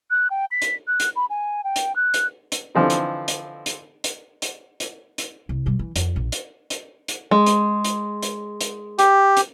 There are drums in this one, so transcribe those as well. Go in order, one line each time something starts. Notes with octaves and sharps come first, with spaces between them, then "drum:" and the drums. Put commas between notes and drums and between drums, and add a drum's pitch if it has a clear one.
F#6
G5
B6
drum: hi-hat
F#6
drum: hi-hat
B5
G#5
G5
drum: hi-hat
F#6
drum: hi-hat
drum: hi-hat
D3 E3 F3 C4 D#4
drum: hi-hat
drum: hi-hat
drum: hi-hat
drum: hi-hat
drum: hi-hat
drum: hi-hat
drum: hi-hat
C2
B2 G3
E3
F2, drum: hi-hat
A#1
drum: hi-hat
drum: hi-hat
drum: hi-hat
G#3
drum: hi-hat
drum: hi-hat
drum: hi-hat
drum: hi-hat
G4, drum: hi-hat
drum: hi-hat